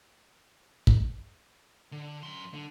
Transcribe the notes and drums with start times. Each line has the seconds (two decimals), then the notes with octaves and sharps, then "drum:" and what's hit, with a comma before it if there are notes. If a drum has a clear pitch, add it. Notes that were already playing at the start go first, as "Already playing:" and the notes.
0.87 drum: kick
1.92 D3
2.23 F#2 C6
2.54 D3